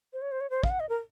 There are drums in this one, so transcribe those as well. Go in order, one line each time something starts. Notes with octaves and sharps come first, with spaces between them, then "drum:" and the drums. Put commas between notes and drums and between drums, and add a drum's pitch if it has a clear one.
C5
C#5
C5
C#5
C5
F5, drum: kick
F#5
D#5
A#4